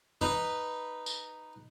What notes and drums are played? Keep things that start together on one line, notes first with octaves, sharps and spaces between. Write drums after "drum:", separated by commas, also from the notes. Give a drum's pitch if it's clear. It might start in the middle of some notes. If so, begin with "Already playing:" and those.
D#4 B4, drum: tom
drum: tambourine